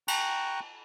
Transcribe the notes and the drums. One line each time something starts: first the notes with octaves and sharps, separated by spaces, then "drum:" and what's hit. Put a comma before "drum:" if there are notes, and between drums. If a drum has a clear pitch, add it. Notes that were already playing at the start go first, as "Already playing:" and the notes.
G5 A#5 C#6 F#6, drum: cymbal